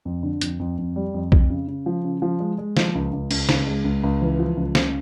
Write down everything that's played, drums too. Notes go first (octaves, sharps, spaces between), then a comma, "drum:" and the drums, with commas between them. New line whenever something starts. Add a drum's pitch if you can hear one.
F2
D3
F2, drum: hi-hat
F2
F2
G3
F2
F2, drum: kick
C#3
C#3
F3
C#3
F3
G#3
G#3
F3, drum: snare
C#2
C#2
C#2, drum: cymbal
C#2, drum: snare
G#3
C#2
C#2
E3
F3
C#2
C#3, drum: snare